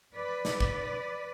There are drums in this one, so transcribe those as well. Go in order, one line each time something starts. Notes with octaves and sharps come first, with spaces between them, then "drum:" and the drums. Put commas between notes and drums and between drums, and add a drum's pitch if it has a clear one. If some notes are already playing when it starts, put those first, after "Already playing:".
B4 D5
drum: snare
drum: kick